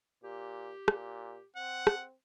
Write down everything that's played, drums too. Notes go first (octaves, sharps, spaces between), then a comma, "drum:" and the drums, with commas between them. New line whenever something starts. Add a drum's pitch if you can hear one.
A#2 G4
A#2, drum: rim click
C4 F#5
drum: rim click